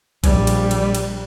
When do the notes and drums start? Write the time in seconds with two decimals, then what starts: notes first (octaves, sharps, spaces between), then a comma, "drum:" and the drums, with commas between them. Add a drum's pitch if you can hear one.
0.24 A#1 G3, drum: kick B1, cymbal
0.47 drum: cymbal
0.71 drum: cymbal
0.95 drum: cymbal